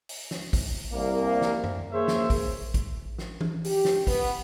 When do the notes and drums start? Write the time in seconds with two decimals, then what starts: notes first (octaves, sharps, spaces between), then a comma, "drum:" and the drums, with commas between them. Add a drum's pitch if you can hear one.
0.09 drum: open hi-hat
0.31 drum: snare
0.53 drum: kick A1, open hi-hat
0.93 C2 A#3
1.42 drum: snare
1.64 drum: tom F#2
1.93 A#3 G#4 C5 C#5 E5
2.08 drum: snare
2.30 drum: kick A1, open hi-hat
2.74 drum: kick A1, hi-hat
3.18 drum: snare
3.41 drum: tom E3
3.64 G4, drum: open hi-hat
3.85 drum: snare
4.07 B3, drum: kick A1, open hi-hat